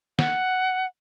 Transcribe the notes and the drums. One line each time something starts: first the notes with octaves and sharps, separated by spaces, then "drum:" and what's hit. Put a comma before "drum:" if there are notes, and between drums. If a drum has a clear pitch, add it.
F#5, drum: snare